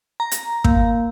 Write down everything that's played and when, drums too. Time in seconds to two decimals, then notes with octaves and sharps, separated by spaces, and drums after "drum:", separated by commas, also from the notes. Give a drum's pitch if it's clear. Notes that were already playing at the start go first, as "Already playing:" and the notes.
0.20 A#5
0.31 drum: hi-hat
0.64 A#3, drum: kick